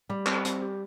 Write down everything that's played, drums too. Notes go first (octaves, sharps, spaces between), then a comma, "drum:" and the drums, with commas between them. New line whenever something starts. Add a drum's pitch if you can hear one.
G3 G4
C4, drum: clap
C4, drum: hi-hat
G4